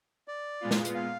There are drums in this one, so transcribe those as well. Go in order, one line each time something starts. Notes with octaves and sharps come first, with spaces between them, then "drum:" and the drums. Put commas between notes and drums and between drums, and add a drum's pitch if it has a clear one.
D5
A#2 G#3 B3 F4
drum: snare
drum: hi-hat
F5